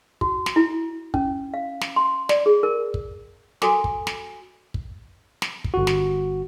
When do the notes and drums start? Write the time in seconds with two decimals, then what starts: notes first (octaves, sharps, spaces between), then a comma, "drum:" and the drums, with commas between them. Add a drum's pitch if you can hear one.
0.21 F#4, drum: kick
0.46 drum: snare
0.56 E4
1.14 C#4, drum: kick
1.54 F5
1.81 drum: snare
1.96 C6
2.29 D5, drum: snare
2.46 G#4
2.63 A#4
2.94 drum: kick
3.62 F#4 A4 G#5 D6, drum: snare
3.84 drum: kick
4.07 drum: snare
4.74 drum: kick
5.42 drum: snare
5.64 drum: kick
5.74 G1 F#4
5.87 drum: snare